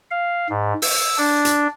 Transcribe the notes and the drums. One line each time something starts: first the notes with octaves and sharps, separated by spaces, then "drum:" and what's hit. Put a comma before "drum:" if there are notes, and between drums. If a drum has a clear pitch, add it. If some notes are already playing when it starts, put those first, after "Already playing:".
F5
G#2
E6, drum: open hi-hat
D4
drum: hi-hat